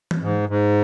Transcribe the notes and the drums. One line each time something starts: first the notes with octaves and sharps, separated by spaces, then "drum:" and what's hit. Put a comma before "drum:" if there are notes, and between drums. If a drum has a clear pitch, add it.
drum: tom E3
G#2
G#2